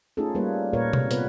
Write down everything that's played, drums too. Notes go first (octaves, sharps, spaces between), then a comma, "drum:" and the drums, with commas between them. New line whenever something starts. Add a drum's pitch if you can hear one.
A3 C#4 D#4 F4 G#4 A4
G3 A#3 B4 C#5
A#2 A#4 B4 C#5
C3, drum: tom B2
B3 B4 C#5, drum: hi-hat